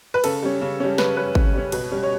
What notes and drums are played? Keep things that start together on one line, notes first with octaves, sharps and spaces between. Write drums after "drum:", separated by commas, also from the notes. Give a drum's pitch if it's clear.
B4
C#3 A4, drum: cymbal
G3 C#4
C#3
G3 C#4
C#3 B4, drum: snare
G3 C#4 B4
C#3, drum: kick G#1
G3 C#4
B2, drum: cymbal
G3 C#4
C#5